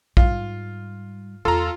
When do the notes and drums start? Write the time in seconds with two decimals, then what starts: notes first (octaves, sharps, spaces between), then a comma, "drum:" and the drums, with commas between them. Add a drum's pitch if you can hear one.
0.17 G#2 G3 F4, drum: kick
1.45 E2 F4 A4 A#5